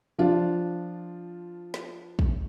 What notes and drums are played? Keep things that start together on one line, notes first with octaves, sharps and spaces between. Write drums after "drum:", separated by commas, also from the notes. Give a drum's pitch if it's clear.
F3 D4 F4
drum: snare
drum: kick